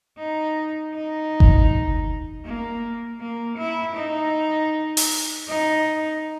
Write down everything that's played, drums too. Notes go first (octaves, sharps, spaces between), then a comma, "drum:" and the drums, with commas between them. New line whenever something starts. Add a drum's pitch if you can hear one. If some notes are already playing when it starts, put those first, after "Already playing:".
D#4
D#4
drum: kick F#1
A#3
A#3
E4
D#4
drum: open hi-hat
D#4